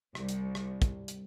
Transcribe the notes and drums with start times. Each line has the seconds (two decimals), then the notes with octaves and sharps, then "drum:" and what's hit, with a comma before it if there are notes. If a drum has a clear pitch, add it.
0.15 C2, drum: rim click
0.29 drum: hi-hat
0.55 drum: rim click
0.82 drum: kick, hi-hat
1.08 drum: hi-hat